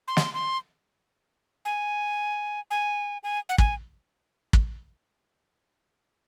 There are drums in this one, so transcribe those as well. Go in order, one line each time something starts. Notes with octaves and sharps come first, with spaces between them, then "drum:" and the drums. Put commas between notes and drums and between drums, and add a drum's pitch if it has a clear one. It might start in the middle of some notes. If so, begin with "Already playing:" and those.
C6
drum: snare
C6
G#5
G#5
G#5
F#5
G#5, drum: kick
drum: kick